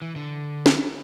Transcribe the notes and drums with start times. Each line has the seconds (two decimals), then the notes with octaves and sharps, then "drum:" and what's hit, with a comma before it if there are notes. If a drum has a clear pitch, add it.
0.02 E3
0.16 D3
0.66 drum: snare